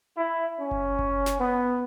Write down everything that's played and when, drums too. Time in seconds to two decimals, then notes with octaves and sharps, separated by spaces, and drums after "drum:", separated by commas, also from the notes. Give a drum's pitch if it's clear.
0.18 E4
0.59 C#4
0.71 drum: kick F#1
0.99 drum: kick F#1
1.26 drum: snare
1.40 B3